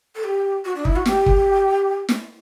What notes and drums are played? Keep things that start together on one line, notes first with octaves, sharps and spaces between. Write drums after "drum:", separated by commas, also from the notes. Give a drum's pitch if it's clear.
A4
G4
F#4
D4
E4, drum: kick
F#4
G4, drum: snare
drum: kick
drum: snare